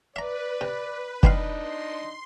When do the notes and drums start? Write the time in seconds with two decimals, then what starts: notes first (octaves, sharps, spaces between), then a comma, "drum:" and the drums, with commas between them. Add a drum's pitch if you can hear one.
0.16 B4 D5 E5 A#5
0.61 C3
1.23 B2 C4 D4 D#4 F5, drum: kick
1.58 C6